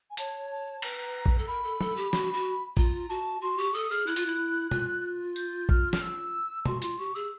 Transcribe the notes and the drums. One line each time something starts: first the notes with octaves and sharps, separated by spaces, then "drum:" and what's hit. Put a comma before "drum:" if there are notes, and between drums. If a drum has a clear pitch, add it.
G#5
C#5 A5, drum: hi-hat
A5
B4 A#5, drum: cymbal
drum: kick
A4
A#4 B5
A4
A4, drum: tom
G4
F#4, drum: snare
F#4
F4 A#5, drum: kick
F#4 A5
F#4 C6
G4 C#6
A4 D#6
G#4 F6
E4 F#6
F4, drum: hi-hat
E4
F4, drum: tom
G6, drum: tambourine
F6, drum: kick
F6, drum: snare
E6
F#4 C6, drum: tom
F4 C6, drum: hi-hat
G4 C#6
G#4 E6